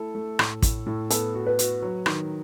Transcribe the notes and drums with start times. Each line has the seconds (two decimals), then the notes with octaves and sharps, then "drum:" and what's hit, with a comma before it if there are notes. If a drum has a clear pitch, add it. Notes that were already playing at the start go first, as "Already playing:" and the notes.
Already playing: A3 E4 A4
0.15 A3
0.39 A2, drum: rim click
0.62 A2, drum: kick, hi-hat
0.86 A2
1.10 B3 A4, drum: hi-hat
1.34 F#4
1.47 B4
1.59 F#4, drum: hi-hat
1.82 F#3
2.06 D#3, drum: rim click